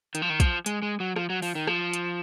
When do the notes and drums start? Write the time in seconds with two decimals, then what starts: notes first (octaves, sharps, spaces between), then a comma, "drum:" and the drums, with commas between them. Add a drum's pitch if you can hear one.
0.15 D#3, drum: hi-hat
0.22 F3
0.30 D#3
0.40 F3, drum: kick, hi-hat
0.66 G#3, drum: hi-hat
0.82 G#3
1.00 F#3
1.16 F3, drum: rim click
1.30 F#3
1.42 F3, drum: open hi-hat
1.55 D#3
1.67 F3, drum: rim click
1.93 drum: hi-hat